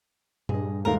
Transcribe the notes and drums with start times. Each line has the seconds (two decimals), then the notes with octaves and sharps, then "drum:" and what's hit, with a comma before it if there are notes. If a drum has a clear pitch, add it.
0.49 G2 G#4 D#5, drum: tom A#2
0.85 D#1 G#2 A3 C#4 D#4 A#4 F5